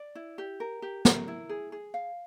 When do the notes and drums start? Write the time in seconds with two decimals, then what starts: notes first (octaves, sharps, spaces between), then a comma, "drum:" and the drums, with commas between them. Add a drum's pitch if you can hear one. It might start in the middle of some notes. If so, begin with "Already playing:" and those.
Already playing: D5
0.15 E4
0.38 G4
0.60 A#4
0.82 G4
1.05 A#4, drum: snare
1.28 E4
1.49 G#4
1.72 G#4
1.94 F5